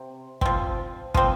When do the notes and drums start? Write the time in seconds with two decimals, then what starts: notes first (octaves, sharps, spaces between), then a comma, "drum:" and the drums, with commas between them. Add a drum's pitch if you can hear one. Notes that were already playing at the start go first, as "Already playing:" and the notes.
Already playing: C3
0.41 F3 C4, drum: kick
1.14 F3 C4, drum: kick